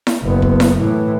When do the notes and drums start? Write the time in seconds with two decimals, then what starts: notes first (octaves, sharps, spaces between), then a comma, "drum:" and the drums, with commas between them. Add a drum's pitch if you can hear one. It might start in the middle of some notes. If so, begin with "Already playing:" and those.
0.07 drum: snare E4
0.23 F#1 B3
0.42 drum: kick
0.60 drum: snare E4
0.78 A2 E3